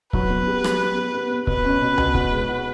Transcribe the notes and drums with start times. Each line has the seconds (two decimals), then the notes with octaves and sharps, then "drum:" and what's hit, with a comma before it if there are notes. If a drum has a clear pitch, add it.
0.13 F#3 B4, drum: kick C#1
0.30 B3
0.48 G4
0.64 F#3, drum: rim click
0.81 B3
0.97 G4
1.14 B3
1.31 B3
1.47 B2 B4, drum: kick C#1
1.64 C#4
1.82 B2
1.98 B2, drum: tom C#2
2.14 F#4, drum: kick C#1
2.31 G#3
2.49 F#4